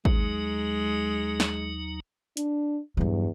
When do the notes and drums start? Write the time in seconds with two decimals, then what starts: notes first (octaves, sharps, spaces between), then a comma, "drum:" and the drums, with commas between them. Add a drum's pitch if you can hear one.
0.05 D#2 F#3 G#3 D#4, drum: kick G#1
1.40 drum: snare
2.37 D4, drum: hi-hat
2.97 E2 G2 F#3